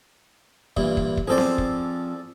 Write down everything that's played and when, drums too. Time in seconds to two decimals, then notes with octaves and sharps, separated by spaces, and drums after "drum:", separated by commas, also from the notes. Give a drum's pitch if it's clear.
0.77 G2 A#2 E3, drum: kick
0.97 drum: kick
1.17 drum: kick
1.27 F3 C4 G#4 A4 D5
1.38 drum: snare B3
1.58 drum: kick